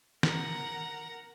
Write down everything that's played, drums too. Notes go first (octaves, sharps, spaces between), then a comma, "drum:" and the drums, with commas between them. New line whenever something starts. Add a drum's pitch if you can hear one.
A#4 F#5 A#5, drum: snare